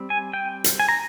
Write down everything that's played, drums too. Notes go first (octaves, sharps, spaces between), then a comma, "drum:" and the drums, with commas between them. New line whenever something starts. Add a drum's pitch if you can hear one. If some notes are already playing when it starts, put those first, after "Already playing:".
Already playing: G3 C4
G#5
G5
drum: hi-hat
G#5
A#5